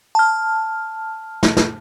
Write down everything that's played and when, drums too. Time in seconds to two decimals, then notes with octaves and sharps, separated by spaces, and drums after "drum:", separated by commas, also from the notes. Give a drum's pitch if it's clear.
0.15 A5 F6
1.43 drum: snare
1.57 drum: snare